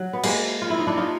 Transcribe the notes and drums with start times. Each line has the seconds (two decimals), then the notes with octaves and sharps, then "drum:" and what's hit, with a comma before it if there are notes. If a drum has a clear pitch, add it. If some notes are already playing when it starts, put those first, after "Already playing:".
Already playing: F#3
0.13 B3
0.23 G#3 A#3, drum: cymbal
0.62 F4
0.70 E4
0.79 D#4
0.87 D4 E4
0.97 D#4 F4